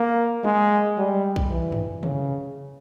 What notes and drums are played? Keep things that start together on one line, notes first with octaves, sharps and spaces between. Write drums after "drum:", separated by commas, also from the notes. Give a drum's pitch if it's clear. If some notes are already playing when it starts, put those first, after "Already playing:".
Already playing: A#3
G#3, drum: tom
G3
drum: kick A#1
E3
drum: tom
C#3, drum: tom